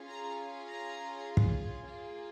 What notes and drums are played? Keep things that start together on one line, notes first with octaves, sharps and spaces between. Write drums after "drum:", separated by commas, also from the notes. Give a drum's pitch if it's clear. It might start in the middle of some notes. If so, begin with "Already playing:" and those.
Already playing: C#4 F4 G#4
A#5
A#5
drum: kick
A#3 F4 G#4